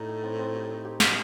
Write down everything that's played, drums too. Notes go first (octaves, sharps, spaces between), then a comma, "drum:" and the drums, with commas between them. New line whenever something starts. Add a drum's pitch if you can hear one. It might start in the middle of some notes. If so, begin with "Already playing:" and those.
Already playing: A2 D#4
A4
C4
C4
G4
D#4
G4
D#4, drum: snare